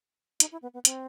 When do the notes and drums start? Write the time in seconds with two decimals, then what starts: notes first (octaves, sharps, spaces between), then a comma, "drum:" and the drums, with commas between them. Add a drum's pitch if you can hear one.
0.40 D#4, drum: hi-hat
0.52 E4
0.62 B3
0.74 B3
0.85 C4, drum: hi-hat